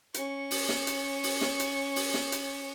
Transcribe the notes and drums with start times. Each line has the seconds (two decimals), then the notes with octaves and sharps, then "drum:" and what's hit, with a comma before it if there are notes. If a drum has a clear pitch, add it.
0.14 C#4 C#6, drum: hi-hat
0.51 drum: open hi-hat
0.69 drum: snare
0.87 drum: hi-hat
1.23 drum: open hi-hat
1.41 drum: snare
1.60 drum: hi-hat
1.96 drum: open hi-hat
2.14 drum: snare
2.32 drum: hi-hat